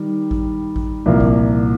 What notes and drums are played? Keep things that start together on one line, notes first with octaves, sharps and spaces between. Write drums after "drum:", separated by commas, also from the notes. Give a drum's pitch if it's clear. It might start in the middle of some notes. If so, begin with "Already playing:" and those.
Already playing: D#3 G3 D#4
drum: kick A1
drum: kick A1
C2 A#2 F3 A#3
drum: kick A1